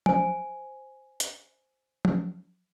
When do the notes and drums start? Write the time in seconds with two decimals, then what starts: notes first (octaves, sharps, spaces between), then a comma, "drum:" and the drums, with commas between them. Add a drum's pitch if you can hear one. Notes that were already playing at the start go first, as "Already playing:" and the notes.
0.06 C5 G#5, drum: tom F3
1.20 drum: hi-hat
2.05 drum: tom F3